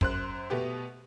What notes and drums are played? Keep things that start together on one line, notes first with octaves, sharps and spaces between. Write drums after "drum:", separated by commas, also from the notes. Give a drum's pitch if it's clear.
F#2 C5 F#6, drum: kick
B2 A3 B3 G4